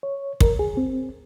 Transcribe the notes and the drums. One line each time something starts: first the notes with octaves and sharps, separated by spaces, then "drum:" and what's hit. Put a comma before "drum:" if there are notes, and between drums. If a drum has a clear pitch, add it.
C#5
A#4, drum: kick
G#4
C4